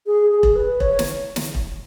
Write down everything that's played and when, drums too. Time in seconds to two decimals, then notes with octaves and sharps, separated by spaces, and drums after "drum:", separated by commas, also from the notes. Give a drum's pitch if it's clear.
0.06 G#4
0.31 G#4
0.43 drum: kick E1
0.56 B4
0.80 C#5, drum: kick E1
0.99 drum: snare
1.36 drum: snare
1.55 drum: kick E1